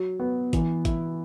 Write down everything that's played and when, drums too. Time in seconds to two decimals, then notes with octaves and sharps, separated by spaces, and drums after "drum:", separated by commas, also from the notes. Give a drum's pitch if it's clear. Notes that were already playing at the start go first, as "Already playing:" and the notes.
Already playing: F#3
0.20 B3
0.53 E3, drum: kick G#1, hi-hat
0.85 E4, drum: kick G#1, hi-hat